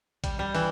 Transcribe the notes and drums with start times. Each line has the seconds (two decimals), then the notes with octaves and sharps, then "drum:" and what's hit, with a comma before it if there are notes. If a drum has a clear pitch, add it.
0.24 G3, drum: kick A#1, hi-hat
0.39 G3
0.54 E3, drum: open hi-hat